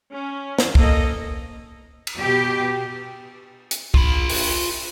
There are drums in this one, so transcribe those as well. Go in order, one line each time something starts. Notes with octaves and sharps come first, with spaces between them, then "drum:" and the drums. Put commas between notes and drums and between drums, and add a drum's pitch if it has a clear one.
C#4
drum: snare
A#3 A4 D#5, drum: kick
drum: cymbal
B2 G4
drum: hi-hat
F4 B5, drum: kick
drum: open hi-hat